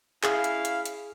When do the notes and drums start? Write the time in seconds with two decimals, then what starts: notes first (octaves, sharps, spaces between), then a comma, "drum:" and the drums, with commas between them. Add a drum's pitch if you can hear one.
0.24 C#4 E4 G#4 F5, drum: clap
0.44 drum: hi-hat
0.65 drum: hi-hat
0.85 drum: hi-hat